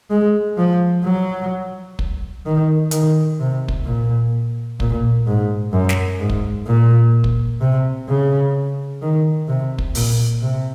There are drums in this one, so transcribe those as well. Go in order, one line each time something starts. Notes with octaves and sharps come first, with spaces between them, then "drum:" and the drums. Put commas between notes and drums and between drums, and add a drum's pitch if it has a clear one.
G#3
F3
F#3
drum: kick
D#3
D#3, drum: hi-hat
C3
drum: kick
A#2
A#2, drum: kick
G#2
F#2
drum: snare
G#2
drum: kick
A#2
drum: kick
C3
C#3
D#3
C3
drum: kick
A#2, drum: open hi-hat
C3